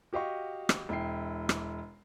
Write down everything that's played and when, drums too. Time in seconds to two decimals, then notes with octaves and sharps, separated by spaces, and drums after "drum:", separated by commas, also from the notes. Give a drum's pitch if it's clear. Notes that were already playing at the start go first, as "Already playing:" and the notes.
0.13 F#4 G4 D#5 F5 C#6
0.69 drum: rim click
0.89 E1 E4 G5 C7
1.49 drum: rim click